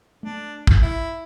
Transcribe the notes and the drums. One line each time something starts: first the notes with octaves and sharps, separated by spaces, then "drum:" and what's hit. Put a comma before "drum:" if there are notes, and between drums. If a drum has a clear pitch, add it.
A3 D4
drum: kick
E4